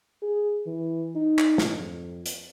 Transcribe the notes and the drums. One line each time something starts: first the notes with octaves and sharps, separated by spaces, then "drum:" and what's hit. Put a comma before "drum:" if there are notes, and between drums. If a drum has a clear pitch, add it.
G#4
E3
D#4
drum: clap
drum: snare
F2
drum: hi-hat